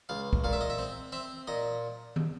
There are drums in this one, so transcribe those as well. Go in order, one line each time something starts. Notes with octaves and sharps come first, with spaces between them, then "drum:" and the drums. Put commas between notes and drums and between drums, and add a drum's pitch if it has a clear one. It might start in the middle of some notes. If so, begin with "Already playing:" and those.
C#2 F5
drum: kick
A#2 F5
E5
D#5
E5
C4
C4 E5
A#2 D#5
drum: tom D#3